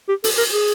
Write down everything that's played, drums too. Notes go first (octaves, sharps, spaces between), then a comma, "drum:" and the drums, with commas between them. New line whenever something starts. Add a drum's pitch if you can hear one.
G4
A4, drum: open hi-hat
A#4
G#4